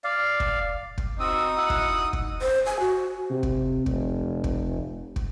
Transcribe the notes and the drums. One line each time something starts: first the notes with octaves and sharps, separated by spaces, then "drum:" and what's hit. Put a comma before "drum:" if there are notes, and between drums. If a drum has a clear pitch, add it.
D5 F5
drum: kick
drum: kick
C4 D#4 F#4 D#6 E6
E4 F#4 F#5 E6
drum: kick
drum: kick
C5
G#5
F#4
C3
drum: kick
F1, drum: kick
drum: kick
drum: kick